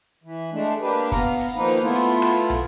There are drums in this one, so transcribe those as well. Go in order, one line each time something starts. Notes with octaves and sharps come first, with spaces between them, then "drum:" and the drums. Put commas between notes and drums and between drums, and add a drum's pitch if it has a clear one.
E3
G#3 A3 D4
A#3 D4 G4 B4
B3 F5 A#5, drum: kick, hi-hat
drum: hi-hat
D#3 F3 A#3 D#4 B4
drum: hi-hat
A3 B3 E4 F4
drum: hi-hat
drum: rim click
drum: tom